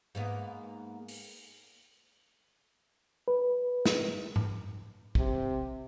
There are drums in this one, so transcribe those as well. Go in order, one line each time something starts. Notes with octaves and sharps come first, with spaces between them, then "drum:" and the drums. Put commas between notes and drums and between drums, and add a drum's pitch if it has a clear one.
G#2 A#3 B3
drum: open hi-hat
B4
drum: snare
drum: tom G#2
C3, drum: kick